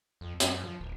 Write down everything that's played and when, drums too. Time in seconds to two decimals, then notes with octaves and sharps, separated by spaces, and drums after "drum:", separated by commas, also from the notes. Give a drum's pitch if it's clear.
0.21 F2
0.40 F#2, drum: hi-hat
0.64 F3
0.80 D1